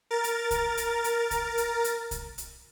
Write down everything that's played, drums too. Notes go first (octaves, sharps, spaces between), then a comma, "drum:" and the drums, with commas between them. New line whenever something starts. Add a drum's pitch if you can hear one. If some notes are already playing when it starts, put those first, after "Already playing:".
A#4 A6
drum: hi-hat
drum: kick, hi-hat
drum: hi-hat
drum: hi-hat
drum: kick, hi-hat
drum: hi-hat
drum: hi-hat
drum: kick, hi-hat
drum: hi-hat